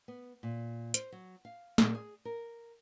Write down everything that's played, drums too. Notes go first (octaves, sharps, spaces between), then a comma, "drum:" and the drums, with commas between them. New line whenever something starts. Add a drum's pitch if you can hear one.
B3
A#2
C5, drum: hi-hat
F#3
F5
A#2, drum: snare
G#4
A#4